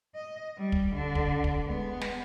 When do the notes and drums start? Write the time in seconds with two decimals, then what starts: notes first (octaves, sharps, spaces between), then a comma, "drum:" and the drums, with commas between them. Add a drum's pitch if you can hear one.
0.15 D#5
0.57 G3
0.72 drum: kick
0.94 D3
1.15 drum: kick
1.44 drum: kick
1.64 G#3 B3
2.01 drum: snare